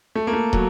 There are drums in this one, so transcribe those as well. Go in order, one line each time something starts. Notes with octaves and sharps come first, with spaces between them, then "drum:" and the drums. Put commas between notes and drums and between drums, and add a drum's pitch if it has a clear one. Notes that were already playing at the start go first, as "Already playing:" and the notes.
A3
A#3
A3
F#3, drum: kick